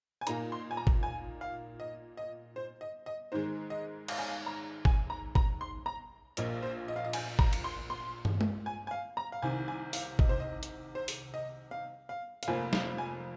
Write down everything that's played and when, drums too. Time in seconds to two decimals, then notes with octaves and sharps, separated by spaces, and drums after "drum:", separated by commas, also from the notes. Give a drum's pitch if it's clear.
0.21 G#5
0.27 A#2 A#3 D#4 A#5, drum: hi-hat
0.52 C6
0.71 G#5
0.77 A#5
0.87 drum: kick G#1
1.03 G#5
1.41 F5
1.80 D#5
2.17 D#5
2.56 C5
2.81 D#5
3.06 D#5
3.32 G#2 D#3 G#3 C5
3.70 D#5
4.08 F5, drum: cymbal
4.18 G#5
4.28 F5
4.46 A#5
4.85 G#5, drum: kick G#1
5.10 A#5
5.35 A#5, drum: kick G#1
5.61 C6
5.86 A#5
6.37 A#1 A#2 A#3 F4 D#5, drum: hi-hat
6.63 C5
6.88 D#5
6.96 F5
7.04 D#5
7.13 G#5, drum: cymbal
7.39 A#5, drum: kick G#1
7.53 drum: cymbal
7.64 C6
7.90 C6
8.25 drum: tom
8.41 drum: tom G#3
8.66 G#5
8.87 G#5
8.91 F5
9.17 A#5
9.32 F5
9.42 C2 C3 D#3 G#5
9.68 G#5
9.93 F5, drum: open hi-hat
10.19 D#5, drum: kick G#1
10.29 C5
10.40 D#5
10.63 drum: hi-hat
10.95 C5
11.08 drum: open hi-hat
11.34 D#5
11.71 F5
12.09 F5
12.43 F5, drum: hi-hat
12.48 F1 F2 F3 A#3 G#5
12.73 F5, drum: snare
12.98 G#5